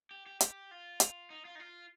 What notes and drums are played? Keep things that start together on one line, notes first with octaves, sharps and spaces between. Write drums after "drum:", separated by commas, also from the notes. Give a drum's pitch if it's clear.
G4
G4
G4, drum: hi-hat
F4
drum: hi-hat
D#4
F4
D#4
F4